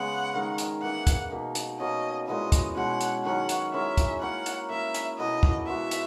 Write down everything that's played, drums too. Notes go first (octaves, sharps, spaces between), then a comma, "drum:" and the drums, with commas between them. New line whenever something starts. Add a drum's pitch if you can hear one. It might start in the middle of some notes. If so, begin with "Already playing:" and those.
Already playing: C#3 G#3 B3 F#5
D#3 G#3 D#4 A#4
drum: hi-hat
E3 A#3 E4 F#5
drum: kick, hi-hat
B2 A#3 D#4
drum: hi-hat
B2 A#3 C#4 G#4 D#5
A#2 G#3 B3 E4 D#5
drum: kick, hi-hat
B2 G#3 C#4 F#5
drum: hi-hat
D#3 F#3 C#4 F#5
drum: hi-hat
G#3 C#4 E4 A#4 E5
drum: kick, hi-hat
A#3 C#4 E4 F#5
drum: hi-hat
A#3 E4 A#4 E5
drum: hi-hat
B2 A#3 E4 B4 D#5
drum: kick
G#3 B3 F#4 E5
drum: hi-hat